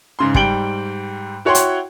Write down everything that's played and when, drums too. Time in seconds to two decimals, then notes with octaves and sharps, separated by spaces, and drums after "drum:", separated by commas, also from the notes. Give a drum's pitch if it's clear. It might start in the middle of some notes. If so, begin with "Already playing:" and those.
0.19 G#2 C#3 C6
0.34 G#2 G3 G5 D7 F#7 G7, drum: kick
1.45 E4 F#4 C#5 F#5 G5 C6
1.55 drum: hi-hat